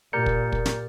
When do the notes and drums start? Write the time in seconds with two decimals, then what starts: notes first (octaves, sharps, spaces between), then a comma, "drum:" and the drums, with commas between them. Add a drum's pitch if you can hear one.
0.13 A#2 G4 A#4 D5 A#5 G6 C#7
0.26 drum: kick
0.52 drum: kick
0.66 drum: snare